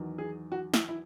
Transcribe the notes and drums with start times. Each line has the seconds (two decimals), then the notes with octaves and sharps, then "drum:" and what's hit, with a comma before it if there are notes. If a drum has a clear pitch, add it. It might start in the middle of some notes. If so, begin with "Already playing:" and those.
Already playing: E2 D#3 F#3
0.18 G#4
0.52 F#4
0.74 E4, drum: snare
0.89 E4